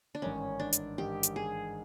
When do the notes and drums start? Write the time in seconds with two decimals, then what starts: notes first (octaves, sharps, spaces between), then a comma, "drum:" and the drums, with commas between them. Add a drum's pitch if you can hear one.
0.15 D4
0.22 A1 G#2 D#3 C#4
0.60 D4
0.73 drum: hi-hat
0.98 A1 G#2 D#3 G4
1.23 drum: hi-hat
1.36 G#4